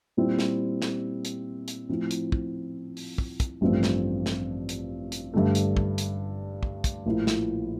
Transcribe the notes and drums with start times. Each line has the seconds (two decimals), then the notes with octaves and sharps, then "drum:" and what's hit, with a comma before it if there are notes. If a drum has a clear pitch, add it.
0.17 A#2 G3 C4 E4
0.39 drum: snare
0.82 drum: snare
1.25 drum: hi-hat
1.68 drum: hi-hat
1.89 A2 F3 C4 E4
2.11 drum: hi-hat
2.32 drum: kick
2.97 drum: open hi-hat
3.18 drum: kick
3.40 drum: kick, hi-hat
3.61 A1 G2 F3 A3 C4
3.83 drum: snare
4.26 drum: snare
4.69 drum: hi-hat
5.12 drum: hi-hat
5.34 G2 D3 A3
5.55 drum: hi-hat
5.77 drum: kick
5.98 drum: hi-hat
6.63 drum: kick
6.84 drum: kick, hi-hat
7.06 A#1 A2 F3 A#3 E4
7.27 drum: snare